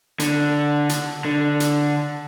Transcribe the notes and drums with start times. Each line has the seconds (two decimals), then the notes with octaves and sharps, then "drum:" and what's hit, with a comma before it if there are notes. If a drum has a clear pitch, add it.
0.20 D3, drum: hi-hat
0.89 drum: hi-hat
1.25 D3
1.60 drum: hi-hat